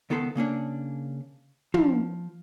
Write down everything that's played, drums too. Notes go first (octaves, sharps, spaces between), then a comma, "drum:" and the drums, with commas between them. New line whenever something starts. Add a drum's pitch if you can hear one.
C#2 D#3 B3 A4 B5 C6
C#3 A#3 C#4 D4
F3, drum: tom